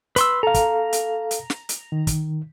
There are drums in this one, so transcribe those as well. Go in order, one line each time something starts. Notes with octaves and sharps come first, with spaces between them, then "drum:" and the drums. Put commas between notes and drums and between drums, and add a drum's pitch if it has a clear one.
B4 C6 E6, drum: hi-hat
A4 F5 A#5
drum: kick, hi-hat
drum: hi-hat
drum: hi-hat
drum: snare
drum: hi-hat
D#3
drum: kick, hi-hat